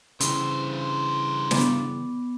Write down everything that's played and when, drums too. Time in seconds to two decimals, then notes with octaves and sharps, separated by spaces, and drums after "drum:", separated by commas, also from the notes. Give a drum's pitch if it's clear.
0.21 G2 C#3 E3 C5, drum: hi-hat
1.51 B3 D5, drum: snare